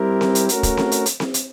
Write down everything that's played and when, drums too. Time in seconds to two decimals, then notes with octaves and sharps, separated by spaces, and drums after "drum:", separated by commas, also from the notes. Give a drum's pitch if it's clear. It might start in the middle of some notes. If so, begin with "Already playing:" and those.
Already playing: G3 C4 E4 G4 A#4
0.21 drum: snare C4
0.35 drum: hi-hat
0.49 A3 C#4 F#4 A#4, drum: hi-hat
0.63 drum: kick, hi-hat
0.77 drum: snare C4
0.92 drum: hi-hat
1.06 drum: hi-hat
1.20 drum: snare C4
1.34 drum: hi-hat